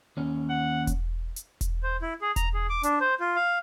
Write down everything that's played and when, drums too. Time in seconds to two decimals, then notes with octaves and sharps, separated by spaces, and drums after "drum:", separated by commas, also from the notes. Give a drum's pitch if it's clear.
0.17 D#2 C#4
0.50 F#5
0.87 drum: kick E1, hi-hat
1.36 drum: hi-hat
1.61 drum: kick E1, hi-hat
1.83 C5
2.02 E4
2.21 G#4
2.36 A#5, drum: kick E1, hi-hat
2.54 G#4
2.69 D6
2.83 D4, drum: hi-hat
3.00 C5
3.20 F4
3.36 F5